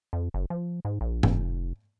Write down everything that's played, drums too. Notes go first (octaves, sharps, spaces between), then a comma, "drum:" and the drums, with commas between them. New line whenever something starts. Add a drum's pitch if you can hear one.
F2
F#1
F3
G#2
A#1
F1, drum: tom G#2